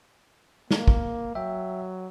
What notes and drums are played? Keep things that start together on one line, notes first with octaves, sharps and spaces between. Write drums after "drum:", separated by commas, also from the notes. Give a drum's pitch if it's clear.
A#3, drum: snare
drum: kick
F#3 E5 G5